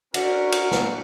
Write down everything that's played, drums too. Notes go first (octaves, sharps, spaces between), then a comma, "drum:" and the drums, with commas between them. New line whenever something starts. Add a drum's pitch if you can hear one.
C#4 D4 F#4 A#4 F#5, drum: cymbal
drum: cymbal
drum: snare